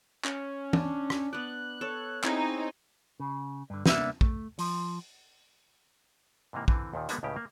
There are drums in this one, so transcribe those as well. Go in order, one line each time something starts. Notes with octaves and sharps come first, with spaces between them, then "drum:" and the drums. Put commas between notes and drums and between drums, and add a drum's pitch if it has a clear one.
C#4, drum: clap
D4, drum: tom
drum: rim click
B3 D5 F#6
A4 C#5
C4 D#4 E4 G#4 C#5, drum: clap
C#3
G2 D3
C2 A#3 B3 D4 E5, drum: snare
A3, drum: kick
F3, drum: open hi-hat
G#2 C3 E3 A#3
D3 E3 C4, drum: kick
D#2 A#2 D#3
D3 F3 G3 G#3 A#3 B3, drum: hi-hat
C#2 A2 C#3 E4 G4
A#3